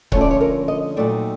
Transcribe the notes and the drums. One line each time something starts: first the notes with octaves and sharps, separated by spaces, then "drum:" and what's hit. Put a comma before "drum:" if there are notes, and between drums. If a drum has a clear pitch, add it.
D3 F3 A3 C#4 C#5, drum: kick C#1
D5
C#5
A#4
D#5
A#2 F#3 A3 C4 D#4 D5